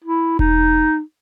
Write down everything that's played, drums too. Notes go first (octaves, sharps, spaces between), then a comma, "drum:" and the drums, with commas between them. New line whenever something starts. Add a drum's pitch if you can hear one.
E4
D#4, drum: kick E1